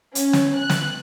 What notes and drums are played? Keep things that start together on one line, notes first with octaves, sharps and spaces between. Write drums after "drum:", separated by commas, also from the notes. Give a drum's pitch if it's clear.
C#4, drum: hi-hat
drum: snare
F#6
drum: snare